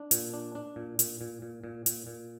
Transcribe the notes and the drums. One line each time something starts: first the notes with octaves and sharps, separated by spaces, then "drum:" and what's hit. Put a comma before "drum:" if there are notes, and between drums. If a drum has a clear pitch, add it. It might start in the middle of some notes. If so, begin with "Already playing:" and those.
Already playing: D4
A#2, drum: hi-hat
D4
D4
A#2
A#2, drum: hi-hat
A#2
A#2
A#2
A#2, drum: hi-hat
A#2